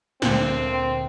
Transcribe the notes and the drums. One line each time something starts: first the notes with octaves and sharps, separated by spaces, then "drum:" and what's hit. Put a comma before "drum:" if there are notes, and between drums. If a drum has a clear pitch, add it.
D2 A#2 C4, drum: snare